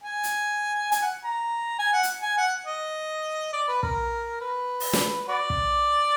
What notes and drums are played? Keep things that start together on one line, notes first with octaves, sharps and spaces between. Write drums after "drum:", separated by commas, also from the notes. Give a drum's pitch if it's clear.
G#5
drum: hi-hat
G#5, drum: hi-hat
F#5
A#5
G#5
F#5
drum: hi-hat
G#5
F#5
D#5
D5
B4
A#4, drum: kick
B4
drum: open hi-hat
drum: snare
F#4 B4 D5
drum: kick